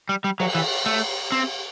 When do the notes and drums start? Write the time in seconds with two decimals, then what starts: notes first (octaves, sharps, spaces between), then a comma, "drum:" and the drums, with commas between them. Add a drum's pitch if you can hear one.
0.09 G3
0.24 G3
0.40 F#3, drum: cymbal
0.55 E3
0.86 A3
1.32 C4